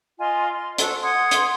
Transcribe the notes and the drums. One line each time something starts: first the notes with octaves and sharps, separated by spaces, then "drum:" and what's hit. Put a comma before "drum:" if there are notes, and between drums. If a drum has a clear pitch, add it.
F4 D#5 G#5 C6
C6
F#4 A4 C5 A5, drum: hi-hat
F#5 C6 D#6 G#6
drum: hi-hat